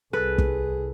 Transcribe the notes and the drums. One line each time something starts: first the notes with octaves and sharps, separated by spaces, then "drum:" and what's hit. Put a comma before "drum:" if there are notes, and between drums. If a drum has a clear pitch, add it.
C2 G#4 A4 B4 F#6
drum: kick